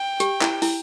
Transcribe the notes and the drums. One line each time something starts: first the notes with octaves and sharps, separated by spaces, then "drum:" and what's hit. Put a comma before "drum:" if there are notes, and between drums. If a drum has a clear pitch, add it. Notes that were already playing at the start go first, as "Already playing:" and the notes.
Already playing: G5
G4, drum: hi-hat
E4, drum: clap
E4, drum: open hi-hat